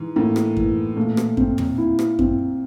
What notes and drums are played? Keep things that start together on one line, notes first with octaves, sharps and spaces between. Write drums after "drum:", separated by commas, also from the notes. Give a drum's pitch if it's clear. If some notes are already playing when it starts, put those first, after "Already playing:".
Already playing: G#2 E3
A2 A#3
drum: rim click
E3, drum: kick F#2
A#2 A3
drum: rim click
C4, drum: kick F#2
drum: tom
E4
drum: rim click
C4, drum: kick F#2